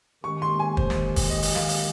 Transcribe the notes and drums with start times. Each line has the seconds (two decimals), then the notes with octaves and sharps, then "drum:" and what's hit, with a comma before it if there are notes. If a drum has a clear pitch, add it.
0.24 D#3 G#3 C#4 G4 C#6
0.42 C6
0.59 G#5
0.77 C5, drum: kick
0.90 drum: snare
1.16 drum: kick, open hi-hat
1.29 D#5
1.42 drum: open hi-hat
1.55 F5, drum: snare
1.69 drum: open hi-hat